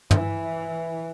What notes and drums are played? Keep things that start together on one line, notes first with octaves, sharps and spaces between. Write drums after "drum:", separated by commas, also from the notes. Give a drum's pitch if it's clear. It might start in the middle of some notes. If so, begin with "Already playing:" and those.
E3, drum: tom